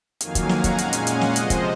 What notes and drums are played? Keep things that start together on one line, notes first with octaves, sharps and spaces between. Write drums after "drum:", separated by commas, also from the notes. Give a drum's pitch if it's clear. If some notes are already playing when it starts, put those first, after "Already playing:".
F2 D#3 F#3 A#3 F5 G#5, drum: hi-hat
drum: kick, hi-hat
F#5 A#5, drum: snare
drum: kick, hi-hat
A#2 G#3 C#4 F5 G#5, drum: hi-hat
drum: hi-hat
D#5 F#5, drum: hi-hat
drum: snare
C3 F3 G#3 C5 D#5, drum: hi-hat
drum: kick, hi-hat